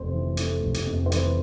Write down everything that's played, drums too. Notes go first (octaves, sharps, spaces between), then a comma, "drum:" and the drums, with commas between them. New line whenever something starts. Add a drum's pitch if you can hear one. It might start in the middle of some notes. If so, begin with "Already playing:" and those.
Already playing: F1 F2 C5
E3
A3, drum: hi-hat
F1
drum: hi-hat
F2
C5
E3 B4, drum: hi-hat